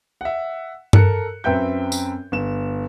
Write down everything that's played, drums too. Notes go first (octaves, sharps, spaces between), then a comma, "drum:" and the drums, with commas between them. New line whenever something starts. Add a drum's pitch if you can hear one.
E5 F#5
A4 A#4 F#6 C#7, drum: tom G2
F#2 C4 B4 E5 G5 G6
drum: tambourine
G1 E7